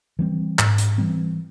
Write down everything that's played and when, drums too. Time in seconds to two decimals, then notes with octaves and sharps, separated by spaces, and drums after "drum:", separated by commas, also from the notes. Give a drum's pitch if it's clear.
0.19 E3 G3 C4
0.59 G#2, drum: clap
0.78 drum: hi-hat
0.98 E3 G3 C4